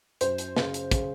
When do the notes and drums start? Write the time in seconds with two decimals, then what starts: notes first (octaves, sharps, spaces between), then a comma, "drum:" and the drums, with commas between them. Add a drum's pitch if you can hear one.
0.21 F#2 C5, drum: hi-hat
0.38 drum: hi-hat
0.56 C#3, drum: snare
0.74 drum: hi-hat
0.91 C#3, drum: kick, hi-hat